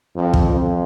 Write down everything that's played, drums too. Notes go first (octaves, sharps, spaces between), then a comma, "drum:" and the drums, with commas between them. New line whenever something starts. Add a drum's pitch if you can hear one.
F2
drum: kick
F2